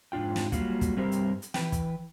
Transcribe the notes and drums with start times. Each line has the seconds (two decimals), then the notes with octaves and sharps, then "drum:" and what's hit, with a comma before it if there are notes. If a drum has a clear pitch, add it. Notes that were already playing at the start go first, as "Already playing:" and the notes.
0.12 F2 G#2 D4 F4 G5
0.36 drum: snare
0.52 F#3 G3 A#3 F4 F#4, drum: kick, hi-hat
0.81 drum: kick, hi-hat
0.96 G2 G3 C4 G4 A#4 C5
1.12 drum: hi-hat
1.42 drum: hi-hat
1.54 E3 B4 G5, drum: snare
1.72 drum: kick, hi-hat